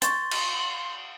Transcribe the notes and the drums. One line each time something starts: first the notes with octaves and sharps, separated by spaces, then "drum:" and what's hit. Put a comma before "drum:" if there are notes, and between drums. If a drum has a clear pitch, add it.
C6 C#6 G6 A6, drum: hi-hat
drum: cymbal